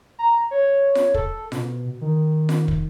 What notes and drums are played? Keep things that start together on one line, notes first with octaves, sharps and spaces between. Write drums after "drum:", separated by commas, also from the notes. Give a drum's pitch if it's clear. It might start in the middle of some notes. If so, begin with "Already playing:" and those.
A#5
C#5
drum: snare F4
A4, drum: kick
B2, drum: snare F4
D#3
drum: snare F4
drum: kick